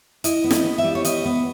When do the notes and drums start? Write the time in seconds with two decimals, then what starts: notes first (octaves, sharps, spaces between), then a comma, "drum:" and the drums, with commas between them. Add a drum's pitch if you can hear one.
0.24 E4 D#5, drum: hi-hat
0.44 B3
0.51 D#5, drum: snare
0.64 B3
0.78 E5
0.84 G3
0.95 C#5
1.05 B3 D#5, drum: hi-hat
1.25 B3